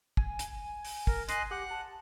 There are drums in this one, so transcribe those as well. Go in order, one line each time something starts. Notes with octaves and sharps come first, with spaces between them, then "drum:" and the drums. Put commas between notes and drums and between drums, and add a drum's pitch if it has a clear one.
G#5, drum: kick
drum: hi-hat
drum: open hi-hat
A#4, drum: kick
D#5 C6 F#6, drum: hi-hat
G4 F#5 F#6
A5